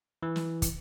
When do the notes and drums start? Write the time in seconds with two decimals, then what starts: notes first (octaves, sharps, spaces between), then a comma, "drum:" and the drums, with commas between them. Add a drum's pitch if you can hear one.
0.23 E3
0.36 drum: snare
0.62 drum: kick, hi-hat